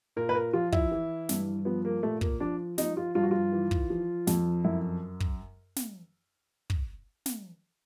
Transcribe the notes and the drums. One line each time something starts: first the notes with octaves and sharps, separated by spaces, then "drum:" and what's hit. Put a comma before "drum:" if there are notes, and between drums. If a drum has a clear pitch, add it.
A#2 A#4
B4
A#4
F3 F4
E4, drum: kick
E3
G2, drum: snare
F3 B3
A#3
A#2 A3
A#3, drum: kick
F3 D4
F3 D#4, drum: snare
F4
G2 F4
F#4
F4
E3
drum: kick
F3
F2, drum: snare
F#2 E4
drum: kick
drum: snare
drum: kick
drum: snare